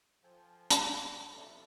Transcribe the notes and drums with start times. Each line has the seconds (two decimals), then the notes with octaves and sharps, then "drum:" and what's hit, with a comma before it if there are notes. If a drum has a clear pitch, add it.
0.24 F3 A4 G5 G#5
0.70 drum: hi-hat
0.98 E2 F#3 D#5
1.34 C3 F3 A4 D5 E5